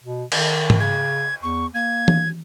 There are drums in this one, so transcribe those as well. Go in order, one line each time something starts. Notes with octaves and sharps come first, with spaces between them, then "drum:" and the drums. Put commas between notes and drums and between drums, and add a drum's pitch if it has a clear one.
B2
D#3, drum: cymbal
drum: tom G#2
C#3 G#6
E2 C#6
A#3 G#6
drum: tom E3